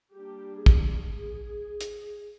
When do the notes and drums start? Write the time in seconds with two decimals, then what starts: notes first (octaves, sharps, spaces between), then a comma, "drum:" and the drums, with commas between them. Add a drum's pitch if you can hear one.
0.14 G3 A#3 D4 G4
0.66 G#4, drum: kick
1.81 drum: hi-hat